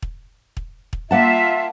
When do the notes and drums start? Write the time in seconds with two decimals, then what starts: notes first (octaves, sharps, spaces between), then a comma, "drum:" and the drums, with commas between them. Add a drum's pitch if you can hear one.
0.02 drum: kick
0.57 drum: kick
0.93 drum: kick
1.11 A#3 F4 E5 F#5 A5